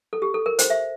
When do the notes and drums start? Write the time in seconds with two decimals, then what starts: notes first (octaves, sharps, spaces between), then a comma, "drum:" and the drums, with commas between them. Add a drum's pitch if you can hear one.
0.13 A4
0.22 G4
0.34 A4
0.46 A#4
0.59 C5, drum: hi-hat
0.70 E5